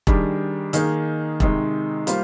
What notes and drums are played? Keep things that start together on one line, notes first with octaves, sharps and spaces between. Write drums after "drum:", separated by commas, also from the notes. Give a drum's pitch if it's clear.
D#3 G3 D4 G#4, drum: kick E1
D#3 A#3 D#4 G#4, drum: hi-hat
C3 D#3 G#3 D#4, drum: kick E1
G3 A#3 F4 C5, drum: hi-hat